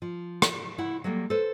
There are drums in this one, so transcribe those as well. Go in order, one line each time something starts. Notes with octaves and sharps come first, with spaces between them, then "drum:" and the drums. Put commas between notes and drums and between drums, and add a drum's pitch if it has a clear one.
F3
drum: rim click
E4 F#5
F#3 G3 A3 A#3
A4 B4 C5